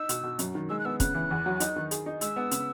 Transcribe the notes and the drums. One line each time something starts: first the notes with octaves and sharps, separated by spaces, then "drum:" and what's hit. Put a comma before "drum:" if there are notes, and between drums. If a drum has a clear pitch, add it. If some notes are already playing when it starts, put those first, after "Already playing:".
Already playing: D#4 E6
B2, drum: hi-hat
B2
F#2, drum: hi-hat
D#3
G#3 E6
F#6
B3 E6
C#3 F#6, drum: kick, hi-hat
E3
E2
F#3
D#4, drum: hi-hat
D#3
G#4, drum: hi-hat
D#4
G#3 E6, drum: hi-hat
B3
C#3, drum: hi-hat